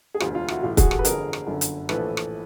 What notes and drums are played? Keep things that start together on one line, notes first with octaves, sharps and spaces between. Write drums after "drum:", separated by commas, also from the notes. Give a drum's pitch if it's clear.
G#4
E1 D2 D3 F4 G4, drum: rim click
F4
E4 F#4, drum: rim click
A1 A2 E3 F4 G4
F#4 G#4, drum: kick, hi-hat
G4 A4, drum: rim click
B4
G1 F2 D3 G#4 A#4, drum: hi-hat
drum: rim click
G1 F#2 D3
drum: hi-hat
A#1 A2 E3 A4 B4, drum: rim click
drum: rim click